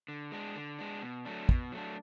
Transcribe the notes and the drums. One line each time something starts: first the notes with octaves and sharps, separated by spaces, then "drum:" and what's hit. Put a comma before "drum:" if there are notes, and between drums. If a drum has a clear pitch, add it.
D3
G#3 D4
D3
G#3 D4
B2
F#3 A3 D4
B2, drum: kick
F#3 A3 D4